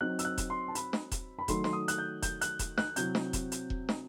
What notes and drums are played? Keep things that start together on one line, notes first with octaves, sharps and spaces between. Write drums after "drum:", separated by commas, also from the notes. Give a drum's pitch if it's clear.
F#3 C4 D#4 F#6
E6, drum: hi-hat
F#6
drum: kick E1, hi-hat
C6
A5
B5, drum: hi-hat
drum: snare
drum: kick E1, hi-hat
B5
D#3 F#3 A3 C6, drum: kick E1, hi-hat
C6, drum: snare
D#6
F#6, drum: hi-hat
G6
G6, drum: kick E1, hi-hat
F#6, drum: hi-hat
drum: kick E1, hi-hat
F#6, drum: snare
C3 F#3 C4 E4 G6, drum: hi-hat
drum: snare
drum: kick E1, hi-hat
drum: hi-hat
drum: kick E1
drum: snare